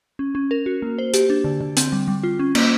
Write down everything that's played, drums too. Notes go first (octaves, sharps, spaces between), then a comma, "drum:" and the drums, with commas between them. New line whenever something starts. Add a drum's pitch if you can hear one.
C#4
C#4
A#4
F#4
A#3
C5
G4, drum: hi-hat
D4
D3
D3
C4, drum: hi-hat
G3
G3
F4
C#4
A#3, drum: cymbal